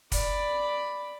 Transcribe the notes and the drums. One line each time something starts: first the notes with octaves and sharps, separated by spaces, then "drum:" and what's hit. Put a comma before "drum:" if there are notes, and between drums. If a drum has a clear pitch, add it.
D5 B5, drum: kick, hi-hat